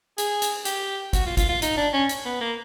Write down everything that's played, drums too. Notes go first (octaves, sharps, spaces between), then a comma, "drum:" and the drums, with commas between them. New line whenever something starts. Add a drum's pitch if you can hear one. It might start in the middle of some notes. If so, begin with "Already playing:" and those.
G#4, drum: hi-hat
drum: hi-hat
G4, drum: hi-hat
F#4, drum: kick, hi-hat
F4
F4, drum: kick, hi-hat
F4
D#4, drum: hi-hat
D4
C#4
drum: hi-hat
B3
A#3